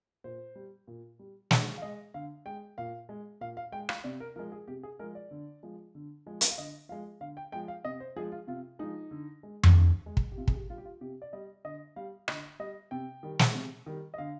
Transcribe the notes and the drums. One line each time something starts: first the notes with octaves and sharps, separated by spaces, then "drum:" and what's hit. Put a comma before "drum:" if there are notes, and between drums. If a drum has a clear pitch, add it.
A#2 C5
G3
A#2
G3
D3 D5, drum: snare
F5
G#3 D#5
D3 F5
G#3 G5
A#2 F5
G#3
A#2 F5
F5
G#3 G5
F5, drum: rim click
C3 D5
A#4
F3 G#3 A#4
G#4
C3 G4
G#4
F3 G#3 A#4
D5
D3
F3 G#3
D3
F3 G#3
drum: hi-hat
F5
D3 D#5
F3 G#3 F5
D3 F5
G5
F3 G#3 G5
F5
C3 D#5
C5
F3 G#3 G#4
F4
C3 F4
F3 G#3 D#4
D3
G#3
drum: tom F2
D3
G#3
drum: kick
G4
C3 F4
G#4, drum: kick
G4
G3 F4
G4
F4
C3 G4
D5
G3 D#5
D3 D#5
G3 F5
D3 D#5, drum: rim click
G3 D#5
C3 G5
D#3 G3
drum: snare
C3
D#3 G3
D#5
D3 F5